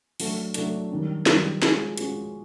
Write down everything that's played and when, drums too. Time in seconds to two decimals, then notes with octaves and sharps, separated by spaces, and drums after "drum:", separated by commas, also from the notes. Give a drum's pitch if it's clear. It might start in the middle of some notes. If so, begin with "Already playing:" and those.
0.20 F#3 A3 D4, drum: open hi-hat
0.54 F#3 A3 D4, drum: hi-hat
0.91 F#2 D#3 G3
1.26 F#2 D#3 G3, drum: snare
1.62 F3 G#3 C#4 F#4, drum: snare
1.97 F3 G#3 C#4 F#4, drum: hi-hat